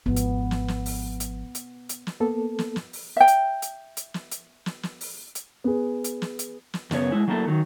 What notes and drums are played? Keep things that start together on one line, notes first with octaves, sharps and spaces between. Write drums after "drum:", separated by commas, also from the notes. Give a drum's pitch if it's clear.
G#1 F3 B3
drum: hi-hat
drum: snare
drum: snare
drum: open hi-hat
drum: hi-hat
drum: hi-hat
drum: hi-hat
drum: snare
A#3 B3 A4
drum: snare
drum: snare
drum: open hi-hat
E5 G5
drum: hi-hat
drum: hi-hat
drum: hi-hat
drum: snare
drum: hi-hat
drum: snare
drum: snare
drum: open hi-hat
drum: hi-hat
B3 G#4
drum: hi-hat
drum: snare
drum: hi-hat
drum: snare
F#2 C#3 B3 C#5, drum: snare
G#3 E4
F#3 A3 A#3 E4 A4
D#3 F#3